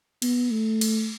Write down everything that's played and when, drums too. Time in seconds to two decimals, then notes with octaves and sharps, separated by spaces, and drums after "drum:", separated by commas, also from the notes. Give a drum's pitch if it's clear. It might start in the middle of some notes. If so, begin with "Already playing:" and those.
0.22 B3, drum: cymbal
0.51 A3
0.81 drum: cymbal